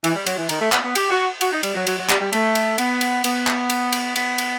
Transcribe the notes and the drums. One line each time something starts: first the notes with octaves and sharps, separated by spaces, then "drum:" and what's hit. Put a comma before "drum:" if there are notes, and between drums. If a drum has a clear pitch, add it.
E3, drum: cymbal
G3
F#3, drum: cymbal
E3
D#3, drum: cymbal
A3
B3, drum: clap
B3
G4, drum: cymbal
F#4
F#4, drum: cymbal
D#4
G3, drum: cymbal
F#3
F#3, drum: cymbal
F#3
G3, drum: clap
G3
A3, drum: cymbal
drum: cymbal
B3, drum: cymbal
drum: cymbal
B3, drum: cymbal
drum: clap
drum: cymbal
drum: cymbal
B3, drum: cymbal
drum: cymbal